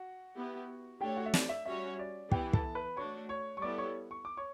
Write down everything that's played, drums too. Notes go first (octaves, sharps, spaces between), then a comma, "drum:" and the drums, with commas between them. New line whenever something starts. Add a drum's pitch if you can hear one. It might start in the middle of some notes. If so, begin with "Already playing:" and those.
Already playing: F#4 F#5
B3 E4 G4
A3 D4 G4 A4 C#5 G5
F#4 F#5
E5
D5, drum: snare
E5
G3 C#4 F#4 C#5 E5
D5
E3 B3 E4 G4 G5, drum: kick
A4 A5, drum: kick
B4 B5
A3 D4 F#4 C#5 C#6
C#5 C#6
C#6
G3 B3 E4 A4 D5 D6
C#5 C#6
C#6
D6
C#5 C#6